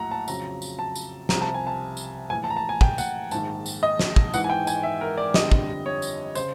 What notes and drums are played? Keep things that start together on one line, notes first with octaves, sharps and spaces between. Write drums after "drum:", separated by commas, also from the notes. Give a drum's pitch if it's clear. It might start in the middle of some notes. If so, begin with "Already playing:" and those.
Already playing: A#1 A2 F#3 F#5 A#5
A5
F2 C#3 F#3 A#5, drum: tambourine
drum: tambourine
A5
drum: tambourine
C2 C3 F3 A#5, drum: snare
A5
G#5
A5
drum: tambourine
A#1 A2 E3 G#5
A5
A#5
A5
G#5
G5, drum: kick
F#5, drum: tambourine
A#1 G#2 D#3 A5, drum: tambourine
drum: tambourine
D#5
drum: snare
drum: kick
G#1 G#2 E3 F#5, drum: tambourine
G#5
G5
G#5, drum: tambourine
E5
A#4
D5
G1 F2 D3 G3 D#5, drum: snare
drum: kick
C#5
drum: tambourine
C#3 C5, drum: tambourine